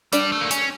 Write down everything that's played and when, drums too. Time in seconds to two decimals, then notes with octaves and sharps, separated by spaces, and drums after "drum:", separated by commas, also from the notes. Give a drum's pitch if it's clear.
0.13 G3 D4, drum: hi-hat
0.32 A3
0.41 A#3
0.51 C#4, drum: hi-hat